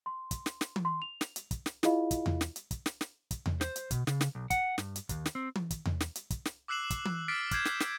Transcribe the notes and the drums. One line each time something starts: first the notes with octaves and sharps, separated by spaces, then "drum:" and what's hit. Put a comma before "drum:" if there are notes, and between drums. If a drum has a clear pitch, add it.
C6
drum: kick, hi-hat
drum: snare
drum: snare
drum: tom
C6
F7
drum: snare
drum: hi-hat
drum: kick, hi-hat
drum: snare
E4 F4 G#4 D#5 F5 B5, drum: snare
drum: kick, hi-hat
drum: tom E2
drum: snare
drum: hi-hat
drum: kick, hi-hat
drum: snare
drum: snare
drum: kick, hi-hat
drum: tom E2
C5, drum: snare
drum: hi-hat
B2, drum: kick, hi-hat
C#3, drum: snare
drum: snare
B1
F#5, drum: kick, hi-hat
G2, drum: snare
drum: hi-hat
D#2, drum: kick, hi-hat
drum: snare
C4
drum: tom
drum: kick, hi-hat
drum: tom E2
drum: snare
drum: hi-hat
drum: kick, hi-hat
drum: snare
D6 E6 F#6 C7 E7 F#7
drum: kick, hi-hat
drum: tom
D6 F6 A6 B6 C7 D7
D6 F6 G6 G#6 C7 E7, drum: kick, hi-hat
drum: snare
drum: snare